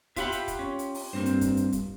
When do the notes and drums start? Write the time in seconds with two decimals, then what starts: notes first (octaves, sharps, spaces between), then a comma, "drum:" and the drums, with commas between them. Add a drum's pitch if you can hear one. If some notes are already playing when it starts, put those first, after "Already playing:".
0.16 F4 G4 E5 F#5 B5, drum: kick, hi-hat
0.32 drum: hi-hat
0.48 drum: kick, hi-hat
0.59 C#4
0.79 drum: hi-hat
0.94 drum: open hi-hat
1.13 G2 A#3 C4 C5
1.26 drum: hi-hat
1.41 drum: kick, hi-hat
1.57 drum: hi-hat
1.72 drum: kick, hi-hat